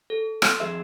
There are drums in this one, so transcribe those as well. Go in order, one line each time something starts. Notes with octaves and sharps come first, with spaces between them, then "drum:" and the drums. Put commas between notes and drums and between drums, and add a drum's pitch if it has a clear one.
A4
C6 E6, drum: rim click
F2 G#4 E5